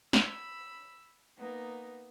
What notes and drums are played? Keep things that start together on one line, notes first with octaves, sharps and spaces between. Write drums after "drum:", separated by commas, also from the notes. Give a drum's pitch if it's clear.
B5 E6, drum: snare
A#3 B3 D#4